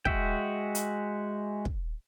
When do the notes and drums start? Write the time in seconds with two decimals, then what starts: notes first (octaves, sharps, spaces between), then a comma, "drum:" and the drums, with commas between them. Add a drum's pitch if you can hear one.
0.05 G#3 F#4 E5 G5, drum: kick
0.75 drum: hi-hat
1.65 drum: kick